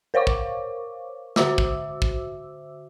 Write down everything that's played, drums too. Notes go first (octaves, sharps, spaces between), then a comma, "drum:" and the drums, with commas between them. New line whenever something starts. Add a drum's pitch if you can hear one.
A#4 C5 C#5 F5 C#6 D6
drum: kick
D3 F#4 C5 E5 D6 E6, drum: snare
drum: kick
drum: kick